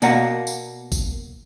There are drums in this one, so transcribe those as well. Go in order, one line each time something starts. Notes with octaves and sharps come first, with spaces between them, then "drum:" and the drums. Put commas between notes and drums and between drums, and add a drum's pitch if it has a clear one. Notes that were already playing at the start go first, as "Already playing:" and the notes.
B2 A#3 D5 F5 F#5 A#5, drum: tambourine
drum: tambourine
drum: kick G#1, tambourine